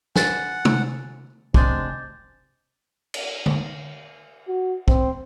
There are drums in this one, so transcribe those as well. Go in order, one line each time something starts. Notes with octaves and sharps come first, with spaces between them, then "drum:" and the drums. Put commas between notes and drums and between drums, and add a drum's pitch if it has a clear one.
F#5 G#5 A6, drum: snare
drum: tom
F1 G#3 C4 D4 D6 G6 A6, drum: kick
drum: cymbal
drum: tom D3
F#4
C4, drum: kick